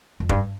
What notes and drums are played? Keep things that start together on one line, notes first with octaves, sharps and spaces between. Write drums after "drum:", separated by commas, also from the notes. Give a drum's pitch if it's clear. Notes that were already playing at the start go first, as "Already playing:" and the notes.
F2
G2, drum: kick